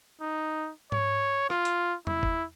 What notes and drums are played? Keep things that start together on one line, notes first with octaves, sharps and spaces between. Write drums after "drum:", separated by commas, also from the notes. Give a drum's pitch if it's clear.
D#4
C#5, drum: tom G#2
F4, drum: rim click
drum: hi-hat
E4, drum: tom E2
drum: kick F#1